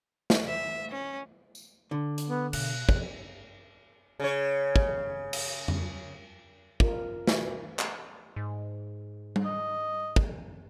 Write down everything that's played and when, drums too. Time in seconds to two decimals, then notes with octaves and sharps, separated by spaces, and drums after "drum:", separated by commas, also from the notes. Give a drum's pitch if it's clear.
0.30 drum: snare
0.47 E5
0.91 C#4
1.55 drum: tambourine
1.91 D3
2.18 drum: hi-hat
2.29 B3
2.53 B2 F#6, drum: cymbal
2.89 F2 C3, drum: kick
4.20 C#3 C#5
4.76 drum: kick
5.33 drum: cymbal
5.68 drum: tom F2
6.80 F4 A#4, drum: kick
7.27 B2 E3, drum: snare
7.79 drum: clap
8.36 G#2
9.36 drum: tom G3
9.46 D#5
10.16 drum: kick